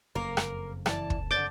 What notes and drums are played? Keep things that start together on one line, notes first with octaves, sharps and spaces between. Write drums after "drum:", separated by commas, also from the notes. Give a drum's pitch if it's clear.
F#1 F2 A#3 A#4
drum: rim click
E3 D5 A5, drum: rim click
drum: kick
D3 D5 D6 G6 A6